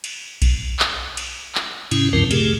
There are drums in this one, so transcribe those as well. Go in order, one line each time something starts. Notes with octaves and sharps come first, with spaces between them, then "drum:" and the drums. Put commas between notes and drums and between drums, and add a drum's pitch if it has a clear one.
drum: cymbal
drum: kick B1, cymbal
drum: clap
drum: cymbal
drum: clap
G#2 C3 C#4 E4, drum: cymbal
D2 G2 C#3 F3 C4 A#4
A#2 C#3 A3 G4 G#4, drum: cymbal